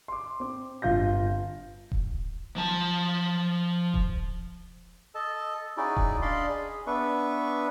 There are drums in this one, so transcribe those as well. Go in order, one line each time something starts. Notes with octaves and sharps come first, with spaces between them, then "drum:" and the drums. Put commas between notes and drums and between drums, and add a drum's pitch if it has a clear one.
C6 D6
C4 D6
G1 F4 G6 A#6
drum: kick D#1
F3 A5
drum: kick D#1
A4 D#5 A5
C#4 D#4 E4 F#4 G#4 D5
drum: kick D#1
D4 D5 D#5 F5 B5 C6
G#4
B3 D4 B4 E5 C#6